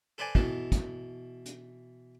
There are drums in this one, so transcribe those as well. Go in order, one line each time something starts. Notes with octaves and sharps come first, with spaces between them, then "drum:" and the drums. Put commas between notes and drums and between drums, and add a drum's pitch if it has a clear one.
A4 B4 C5 D5 G#5
B2 E3 A4, drum: kick
drum: kick, hi-hat
drum: hi-hat